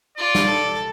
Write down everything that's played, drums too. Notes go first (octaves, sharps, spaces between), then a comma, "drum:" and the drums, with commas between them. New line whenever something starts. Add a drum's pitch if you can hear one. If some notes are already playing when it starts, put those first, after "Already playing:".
F4 D5
drum: snare
A4